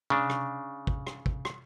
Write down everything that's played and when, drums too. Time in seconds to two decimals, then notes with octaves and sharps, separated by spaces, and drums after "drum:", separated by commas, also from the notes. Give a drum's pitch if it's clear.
0.10 C#3 D4, drum: tom C3
0.30 drum: rim click
0.87 drum: kick
1.07 drum: rim click
1.26 drum: kick
1.45 drum: rim click